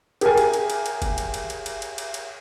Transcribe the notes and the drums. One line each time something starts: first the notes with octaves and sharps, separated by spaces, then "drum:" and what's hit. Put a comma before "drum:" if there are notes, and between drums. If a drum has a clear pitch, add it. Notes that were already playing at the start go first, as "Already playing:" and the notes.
G4 G#4 A#4 G#5, drum: cymbal
drum: cymbal
drum: cymbal
drum: cymbal
drum: cymbal
drum: kick, cymbal
drum: cymbal
drum: cymbal
drum: cymbal
drum: cymbal
drum: cymbal
drum: cymbal
drum: cymbal